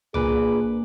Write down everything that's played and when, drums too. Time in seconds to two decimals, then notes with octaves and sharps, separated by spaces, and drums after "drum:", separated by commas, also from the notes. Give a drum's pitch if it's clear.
0.14 A#2 A#3 D4 F4 G#4 B4 D6, drum: tom